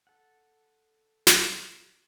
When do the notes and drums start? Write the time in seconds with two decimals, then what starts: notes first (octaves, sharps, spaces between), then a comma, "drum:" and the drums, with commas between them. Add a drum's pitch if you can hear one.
0.07 A4 F#5
1.27 drum: snare